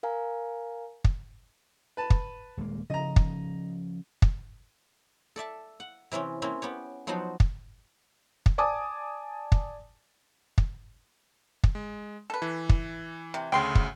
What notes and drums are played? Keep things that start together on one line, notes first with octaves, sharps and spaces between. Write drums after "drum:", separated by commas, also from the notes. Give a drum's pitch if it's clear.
A#4 F5 G#5 A#5
drum: kick
B4 A5
drum: kick
D#1 G#3 A#3
C#3 F3 D#5 A#5
drum: kick
drum: kick
A4 D5 E5 A5
F#5
C3 E3 C4 C#4
A#3 C4 C#4 E4
B3 G4 C#5
F3 F#3 B3 D#4 F#4 C5
drum: kick
drum: kick
D5 G#5 A5 D6 D#6
drum: kick
drum: kick
drum: kick
G#3
A4 B4
E3
drum: kick
C3
D2 C#3 G5 C6
drum: kick